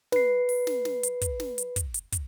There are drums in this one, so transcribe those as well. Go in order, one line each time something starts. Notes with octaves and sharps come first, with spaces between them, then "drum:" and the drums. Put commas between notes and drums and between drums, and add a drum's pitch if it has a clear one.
B4 C7, drum: snare
drum: open hi-hat
drum: snare
drum: snare
drum: hi-hat
drum: kick, hi-hat
drum: snare
drum: hi-hat
drum: kick, hi-hat
drum: hi-hat
drum: kick, hi-hat